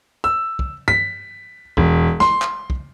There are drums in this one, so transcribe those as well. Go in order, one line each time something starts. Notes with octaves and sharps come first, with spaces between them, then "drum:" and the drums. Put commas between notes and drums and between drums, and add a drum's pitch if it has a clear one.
E6
drum: kick
B6, drum: tom G2
E1, drum: kick
C6, drum: snare
drum: clap
drum: kick